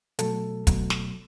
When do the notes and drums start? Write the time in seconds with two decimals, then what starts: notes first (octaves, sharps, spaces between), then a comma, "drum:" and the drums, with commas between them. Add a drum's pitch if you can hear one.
0.19 B2 F#3 A3 A4, drum: hi-hat
0.67 B2 F#3 A3, drum: kick, hi-hat
0.90 drum: snare